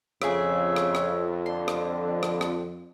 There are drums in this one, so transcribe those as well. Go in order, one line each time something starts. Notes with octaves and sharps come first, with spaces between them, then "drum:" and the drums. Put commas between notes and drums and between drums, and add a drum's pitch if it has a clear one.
F2 C#3 G#4 E5, drum: rim click
drum: rim click
drum: rim click
D3 C6
drum: rim click
drum: rim click
drum: rim click